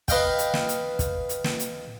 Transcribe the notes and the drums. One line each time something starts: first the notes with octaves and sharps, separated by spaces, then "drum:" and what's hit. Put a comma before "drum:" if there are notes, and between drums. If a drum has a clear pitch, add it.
B4 D#5 F5 G5, drum: kick, hi-hat
drum: hi-hat
drum: snare
drum: hi-hat
drum: kick, hi-hat
drum: hi-hat
drum: snare
drum: hi-hat